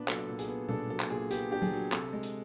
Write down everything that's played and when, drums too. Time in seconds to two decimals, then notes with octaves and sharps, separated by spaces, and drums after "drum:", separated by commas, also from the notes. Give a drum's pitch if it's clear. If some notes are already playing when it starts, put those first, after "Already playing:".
Already playing: A#2 B3 D4 B4
0.08 F#3 A4, drum: clap
0.29 A#2
0.39 G#4, drum: hi-hat
0.49 B3
0.69 D4 A4, drum: tom B2
0.90 F#3 A4
1.00 drum: clap
1.10 A#2 G#4
1.31 B3 G4, drum: hi-hat
1.51 D4 G4
1.62 G#4, drum: tom F#3
1.72 F#3
1.92 C3 A4, drum: clap
2.13 G#3
2.23 drum: hi-hat